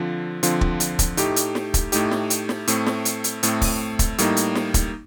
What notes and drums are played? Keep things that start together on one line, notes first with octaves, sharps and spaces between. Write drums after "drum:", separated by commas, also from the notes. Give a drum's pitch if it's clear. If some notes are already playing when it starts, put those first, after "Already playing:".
Already playing: D3 F3 C4 F4
D3 F3 C4 F4, drum: hi-hat
drum: kick
drum: hi-hat
drum: kick, hi-hat
A2 A3 D#4 G4, drum: hi-hat
drum: hi-hat
drum: snare
drum: kick, hi-hat
A2 A3 D#4 G4, drum: hi-hat
drum: snare
drum: hi-hat
drum: snare
A2 A3 C4, drum: hi-hat
drum: snare
drum: hi-hat
drum: hi-hat
A2 A3 C4, drum: hi-hat
drum: kick, open hi-hat
drum: kick, hi-hat
A2 G3 A#3 D#4, drum: hi-hat
drum: hi-hat
drum: snare
drum: kick, hi-hat